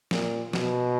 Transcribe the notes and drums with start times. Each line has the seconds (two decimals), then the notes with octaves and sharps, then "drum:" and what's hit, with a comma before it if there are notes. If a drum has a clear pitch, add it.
0.11 A#2, drum: snare
0.53 B2, drum: snare